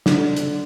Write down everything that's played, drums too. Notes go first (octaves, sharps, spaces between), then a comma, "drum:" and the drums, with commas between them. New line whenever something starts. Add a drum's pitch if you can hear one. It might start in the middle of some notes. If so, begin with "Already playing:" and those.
D3, drum: snare
drum: hi-hat